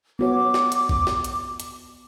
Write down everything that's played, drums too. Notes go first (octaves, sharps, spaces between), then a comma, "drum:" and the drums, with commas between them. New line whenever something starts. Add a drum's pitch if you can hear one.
B3 F#4 C#5 D6
drum: snare
drum: hi-hat
drum: kick
drum: snare
drum: hi-hat
drum: hi-hat